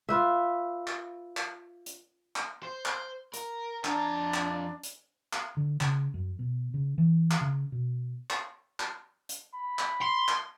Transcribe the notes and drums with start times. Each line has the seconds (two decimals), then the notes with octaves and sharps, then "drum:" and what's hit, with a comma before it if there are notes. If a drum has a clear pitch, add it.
0.09 F4 B4 E5
0.87 drum: clap
1.37 drum: clap
1.86 drum: hi-hat
2.36 drum: clap
2.63 C5
2.85 drum: clap
3.34 A#4, drum: hi-hat
3.84 F2 D4 A#5, drum: clap
4.34 drum: clap
4.83 drum: hi-hat
5.33 drum: clap
5.57 D3
5.81 C#3, drum: clap
6.14 F#2
6.39 B2
6.74 C#3
6.98 E3
7.31 drum: clap
7.41 C#3
7.72 B2
8.30 drum: clap
8.80 drum: clap
9.29 drum: hi-hat
9.54 B5
9.79 drum: clap
10.02 C6
10.28 drum: clap